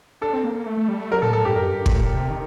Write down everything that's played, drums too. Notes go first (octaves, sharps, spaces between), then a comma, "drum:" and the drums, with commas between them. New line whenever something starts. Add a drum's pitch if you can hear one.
D4 A4
C4
A#3
A#3
A3
A3
G3
A3
F#3 A#4
A#2 A4
A2 A4
G2 G4
F#2 A#4
G2
A2, drum: kick
A#2
C3
D#3